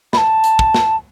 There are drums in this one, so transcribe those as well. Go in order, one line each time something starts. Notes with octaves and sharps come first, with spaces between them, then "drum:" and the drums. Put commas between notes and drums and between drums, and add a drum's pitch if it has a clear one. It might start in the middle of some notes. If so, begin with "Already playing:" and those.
B5, drum: snare
A5
drum: hi-hat
drum: kick
drum: snare